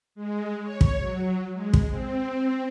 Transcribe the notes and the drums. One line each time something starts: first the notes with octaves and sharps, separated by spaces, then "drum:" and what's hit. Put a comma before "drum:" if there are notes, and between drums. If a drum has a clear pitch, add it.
G#3
C#5
drum: kick
F#3
G#3
drum: kick
C4